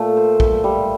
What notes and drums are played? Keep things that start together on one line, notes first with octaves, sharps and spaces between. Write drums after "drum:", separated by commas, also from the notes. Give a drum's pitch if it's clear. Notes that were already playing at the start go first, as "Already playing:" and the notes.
Already playing: A#2 A3
C5
E5, drum: kick
G3